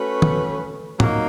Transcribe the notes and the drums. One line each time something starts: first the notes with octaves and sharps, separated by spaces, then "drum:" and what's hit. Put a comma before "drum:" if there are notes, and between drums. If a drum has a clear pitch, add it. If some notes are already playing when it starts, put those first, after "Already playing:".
Already playing: A3 C#4 F#4 B4
drum: tom
F#3 A#3 D#4, drum: tom